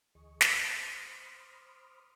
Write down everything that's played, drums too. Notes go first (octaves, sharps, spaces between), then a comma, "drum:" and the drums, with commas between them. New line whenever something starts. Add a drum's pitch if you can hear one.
D2 E3 G#4 D#5 C#6
C5 B5 C6 D6 D#6 F6, drum: snare